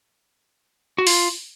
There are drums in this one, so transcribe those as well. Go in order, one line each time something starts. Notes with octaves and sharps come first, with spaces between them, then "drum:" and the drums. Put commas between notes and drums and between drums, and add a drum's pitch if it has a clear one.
F#4
F4, drum: open hi-hat